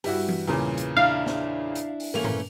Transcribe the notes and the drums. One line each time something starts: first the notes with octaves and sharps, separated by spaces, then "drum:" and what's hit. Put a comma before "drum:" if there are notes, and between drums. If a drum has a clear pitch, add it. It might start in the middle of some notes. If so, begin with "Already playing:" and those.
G2 G3 E4 F#4, drum: open hi-hat
drum: tom E3
E2 A#2 C#3
drum: hi-hat
D4 E4 F5
drum: snare
drum: hi-hat
drum: open hi-hat
E3 A3 A#3 C#4 F7
drum: tom G2